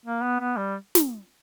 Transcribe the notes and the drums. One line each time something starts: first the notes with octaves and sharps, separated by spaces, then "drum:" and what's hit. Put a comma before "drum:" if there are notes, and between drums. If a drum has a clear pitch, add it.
A#3
B3
B3
G3
drum: snare